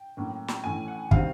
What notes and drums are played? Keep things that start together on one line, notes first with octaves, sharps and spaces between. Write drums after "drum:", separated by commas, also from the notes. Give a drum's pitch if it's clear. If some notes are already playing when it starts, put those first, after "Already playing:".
Already playing: G5
A2 F#3 A#3 C#4
drum: snare
A2 E3 A3 C#4 G#5
F#5
C3 D#3 G3 C4 F5, drum: kick